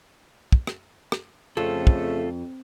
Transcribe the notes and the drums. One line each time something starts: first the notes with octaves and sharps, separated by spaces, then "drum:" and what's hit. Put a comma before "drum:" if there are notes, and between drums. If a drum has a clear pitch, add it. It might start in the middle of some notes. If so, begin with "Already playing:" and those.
drum: kick
drum: rim click
drum: rim click
F2 C#3 A3 F4 A4
drum: kick